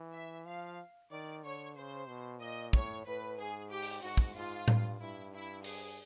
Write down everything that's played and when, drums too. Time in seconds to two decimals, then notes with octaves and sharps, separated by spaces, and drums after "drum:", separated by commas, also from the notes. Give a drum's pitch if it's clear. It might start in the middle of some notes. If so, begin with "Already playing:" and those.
Already playing: E3
0.14 E5
0.46 F3 F5
1.11 D#3 D5
1.44 D3 C#5
1.76 C#3 C5
2.08 B2
2.41 A#2 D#5
2.73 A2 C#5, drum: kick
3.06 A2 B4
3.38 G#2 G#4
3.71 G4
3.82 drum: open hi-hat
4.03 G#2 F#4
4.17 drum: kick
4.35 G#2 F4
4.68 G2, drum: tom A2
5.00 G2 E4
5.33 E4
5.64 G#4, drum: open hi-hat